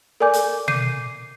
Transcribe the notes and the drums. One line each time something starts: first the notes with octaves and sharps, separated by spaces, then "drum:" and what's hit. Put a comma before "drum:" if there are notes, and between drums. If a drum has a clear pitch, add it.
A4 A#4 D5 G#5 D6 G6
drum: hi-hat
D6 G6 C7 D#7, drum: tom B2